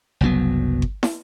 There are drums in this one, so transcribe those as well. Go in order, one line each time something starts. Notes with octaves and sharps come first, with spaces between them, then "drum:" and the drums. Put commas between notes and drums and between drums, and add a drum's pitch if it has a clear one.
F#1 C2 F#3 B3
drum: kick G1
drum: snare